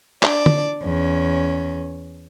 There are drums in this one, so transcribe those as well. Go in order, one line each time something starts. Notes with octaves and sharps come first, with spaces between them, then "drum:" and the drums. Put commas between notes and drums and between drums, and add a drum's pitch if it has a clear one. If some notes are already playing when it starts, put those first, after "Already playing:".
D4 D5, drum: clap
drum: tom D3
E2 C#4